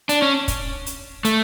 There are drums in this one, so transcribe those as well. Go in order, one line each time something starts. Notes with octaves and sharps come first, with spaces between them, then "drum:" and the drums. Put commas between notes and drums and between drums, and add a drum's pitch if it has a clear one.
D4, drum: hi-hat
C#4
drum: kick, hi-hat
drum: hi-hat
A3, drum: hi-hat